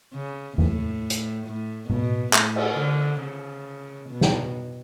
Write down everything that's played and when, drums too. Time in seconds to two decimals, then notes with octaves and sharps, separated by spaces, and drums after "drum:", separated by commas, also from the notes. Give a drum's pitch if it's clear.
0.14 C#3
0.58 A2, drum: tom E2
1.10 drum: hi-hat
1.46 A2
1.90 B2, drum: tom A2
2.34 A2, drum: clap
2.56 drum: cymbal
2.78 D3
3.22 C#3
4.10 B2
4.21 drum: snare